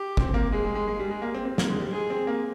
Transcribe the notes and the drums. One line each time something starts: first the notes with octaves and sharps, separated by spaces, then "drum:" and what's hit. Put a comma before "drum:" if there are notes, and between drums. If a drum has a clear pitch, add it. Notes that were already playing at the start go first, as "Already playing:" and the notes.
Already playing: G4
C4, drum: kick G1
A#3
G#3 G#4
G#3
G#3
G#3
G3
G#3
A#3
C4
C4
A#3, drum: snare
G#3
G3
G#3 G#4
C4
A#3